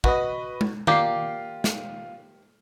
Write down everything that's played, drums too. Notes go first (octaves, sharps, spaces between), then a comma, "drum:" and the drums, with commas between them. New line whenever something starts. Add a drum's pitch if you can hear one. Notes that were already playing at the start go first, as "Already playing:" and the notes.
F#4 B4 D#5, drum: kick
drum: tom G#3
A#3 F4 G4 D5 C7, drum: tom D#3
drum: snare